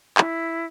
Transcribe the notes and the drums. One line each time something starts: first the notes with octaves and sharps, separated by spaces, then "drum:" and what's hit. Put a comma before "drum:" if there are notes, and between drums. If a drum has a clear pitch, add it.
E4, drum: clap